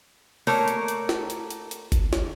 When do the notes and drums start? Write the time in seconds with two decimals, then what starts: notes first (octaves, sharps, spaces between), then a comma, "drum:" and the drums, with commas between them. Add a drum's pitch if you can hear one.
0.47 A3 A#3 A#4 C#5, drum: open hi-hat
0.68 drum: hi-hat
0.88 drum: hi-hat
1.09 drum: snare
1.30 drum: hi-hat
1.51 drum: hi-hat
1.71 drum: hi-hat
1.92 drum: kick G1, hi-hat
2.13 drum: snare